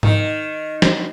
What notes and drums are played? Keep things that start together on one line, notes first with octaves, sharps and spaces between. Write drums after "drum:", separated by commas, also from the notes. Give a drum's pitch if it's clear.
D#3, drum: tom G#2
drum: snare